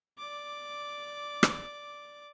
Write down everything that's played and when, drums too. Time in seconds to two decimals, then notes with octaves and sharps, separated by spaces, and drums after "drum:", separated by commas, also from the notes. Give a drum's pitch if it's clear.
0.19 D5 D6
1.43 drum: rim click